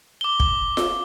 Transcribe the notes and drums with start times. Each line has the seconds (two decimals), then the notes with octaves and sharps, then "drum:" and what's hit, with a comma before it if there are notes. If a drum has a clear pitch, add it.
0.21 D6 G7
0.40 drum: kick
0.77 drum: snare F4